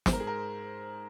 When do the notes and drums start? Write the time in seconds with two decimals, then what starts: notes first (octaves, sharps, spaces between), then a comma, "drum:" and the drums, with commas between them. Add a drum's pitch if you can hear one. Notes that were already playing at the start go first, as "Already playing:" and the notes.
0.06 G#2 C5, drum: snare
0.13 A#4
0.20 G#4
0.27 A#4